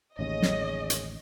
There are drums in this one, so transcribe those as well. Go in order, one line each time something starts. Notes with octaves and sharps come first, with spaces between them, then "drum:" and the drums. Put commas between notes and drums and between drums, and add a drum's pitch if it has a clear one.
A1 D#2 C#3 C#4 G#4 C#5 D#5
drum: snare
drum: hi-hat